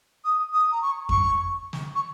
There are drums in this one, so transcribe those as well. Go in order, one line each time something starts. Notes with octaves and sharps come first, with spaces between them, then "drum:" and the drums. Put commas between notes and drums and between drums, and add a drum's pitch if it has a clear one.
D#6
D#6
A#5
C#6
C#6, drum: kick F2
drum: snare
C#6